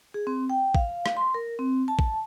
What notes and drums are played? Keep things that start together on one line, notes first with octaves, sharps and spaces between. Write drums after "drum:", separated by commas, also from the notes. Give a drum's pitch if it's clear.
G#4
C4
G5
F5, drum: kick A1
drum: rim click
C6
A#4
C4
A5
drum: kick A1